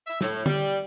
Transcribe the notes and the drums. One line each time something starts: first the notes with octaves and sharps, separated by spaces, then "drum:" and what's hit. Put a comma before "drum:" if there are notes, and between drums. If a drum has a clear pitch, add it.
E5
A2, drum: snare
G3, drum: tom